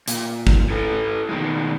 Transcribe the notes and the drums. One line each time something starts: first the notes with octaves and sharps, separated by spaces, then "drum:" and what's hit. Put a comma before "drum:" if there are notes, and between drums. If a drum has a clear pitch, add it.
A#2, drum: hi-hat
drum: kick
E4 A4 B4
B2 D#3 G#3